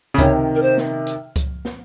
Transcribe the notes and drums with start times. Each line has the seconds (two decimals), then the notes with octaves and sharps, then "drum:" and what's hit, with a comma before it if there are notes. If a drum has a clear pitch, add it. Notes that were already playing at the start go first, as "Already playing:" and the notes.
0.14 C#3
0.18 C3 D#3 C#5, drum: kick C#2, hi-hat
0.55 A#4
0.62 C5
0.77 drum: snare
1.07 drum: hi-hat
1.36 drum: kick C#2, hi-hat
1.65 drum: snare